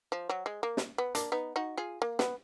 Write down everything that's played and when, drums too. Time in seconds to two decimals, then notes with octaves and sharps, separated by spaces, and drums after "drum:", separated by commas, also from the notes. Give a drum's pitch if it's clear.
0.12 F3
0.29 F#3
0.46 G#3
0.63 A#3
0.77 drum: snare
0.98 B3
1.15 A#3 D4, drum: hi-hat
1.32 B3 D#4
1.56 D#4 F#4
1.77 F4 G#4
2.02 A#3
2.19 B3, drum: snare